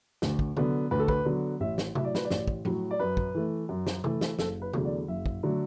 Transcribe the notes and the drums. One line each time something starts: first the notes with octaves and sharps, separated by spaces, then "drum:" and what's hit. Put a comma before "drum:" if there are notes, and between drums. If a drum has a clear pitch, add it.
D2, drum: snare
drum: kick
D3 F#3 B3, drum: tom C3
D2 B4
A4
B4, drum: kick
D3 F#3 B3
A1 E5
drum: snare
A2 F#3 E5, drum: tom C3
D5
B4, drum: snare
D5
A1, drum: snare
drum: kick
A2 F#3, drum: tom F3
D5
F#2 B4
drum: kick
E3 A3
F#2
drum: snare
E3 A3, drum: tom C3
drum: snare
F#1 A4, drum: snare
B4
E2 D3 F#3 A3, drum: tom C3
D5
F#1 E5
drum: kick
D3 F#3 A3